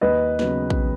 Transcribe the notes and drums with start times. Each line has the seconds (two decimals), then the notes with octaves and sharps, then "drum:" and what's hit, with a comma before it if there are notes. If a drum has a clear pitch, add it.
0.01 D#2 B4 D#5
0.39 C#3 F#3 B3, drum: snare
0.70 drum: kick A#1